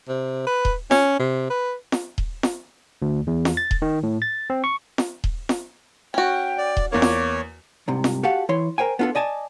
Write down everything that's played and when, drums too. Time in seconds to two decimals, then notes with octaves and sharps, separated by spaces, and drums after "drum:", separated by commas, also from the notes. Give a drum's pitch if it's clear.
0.08 C3
0.47 B4
0.65 drum: kick D#1
0.91 C#4, drum: snare F4
1.19 C3
1.50 B4
1.92 drum: snare F4
2.18 drum: kick D#1
2.43 drum: snare F4
3.02 D2
3.27 E2
3.45 drum: snare F4
3.57 A6
3.71 drum: kick D#1
3.82 D#3
4.03 A2
4.22 A6
4.50 C4
4.64 C#6
4.98 drum: snare F4
5.24 drum: kick D#1
5.49 drum: snare F4
6.14 C#4 F#4 G5
6.58 D5
6.77 drum: kick D#1
6.92 E2 A#3 C#5 D6
7.02 drum: snare F4
7.88 C2 G#2 C3
8.04 drum: snare F4
8.23 F#4 G4 A4 F5 F#5
8.49 E3 E4 C#5 C6
8.78 A#4 C5 G5 G#5
8.99 B3 D4 F4 F#4 A4
9.15 D5 D#5 G#5 A5